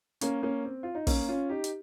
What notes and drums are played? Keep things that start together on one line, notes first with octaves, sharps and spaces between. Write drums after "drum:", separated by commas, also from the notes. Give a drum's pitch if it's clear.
A#3 C#4, drum: hi-hat
A#3 C#4
C4
F4
D#4
A#3 C#4, drum: kick, open hi-hat
C#4 F4
D#4 G4
drum: hi-hat